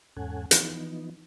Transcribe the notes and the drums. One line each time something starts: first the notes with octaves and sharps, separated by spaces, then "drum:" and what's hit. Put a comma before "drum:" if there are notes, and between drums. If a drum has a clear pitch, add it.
E2 G#2 C#4 A4 F#5 G#5
E3 F3 B3 D#4, drum: hi-hat